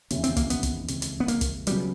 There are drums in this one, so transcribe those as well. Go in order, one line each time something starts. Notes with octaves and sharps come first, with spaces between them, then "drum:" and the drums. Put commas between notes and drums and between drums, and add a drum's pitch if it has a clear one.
F1 D#2 C#3 E3 C#4, drum: hi-hat
C4, drum: hi-hat
A#3, drum: kick, hi-hat
B3, drum: hi-hat
drum: kick, hi-hat
C#2 C#3 E3 G#3 C4, drum: hi-hat
drum: hi-hat
B3
A#3, drum: hi-hat
drum: kick, hi-hat
C#3 F#3 G3 B3, drum: hi-hat